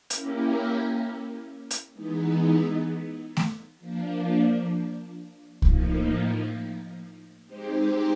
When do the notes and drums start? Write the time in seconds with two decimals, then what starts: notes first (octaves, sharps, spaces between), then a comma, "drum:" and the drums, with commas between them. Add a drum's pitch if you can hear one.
0.10 A#3 C#4 E4 G4 A#4, drum: hi-hat
1.71 drum: hi-hat
1.94 E3 G#3 B3 D#4
3.37 drum: snare A3
3.78 F3 A#3 D4
5.62 A2 F3 A#3 D#4, drum: kick C2
7.46 G#3 C4 D#4 G4 C5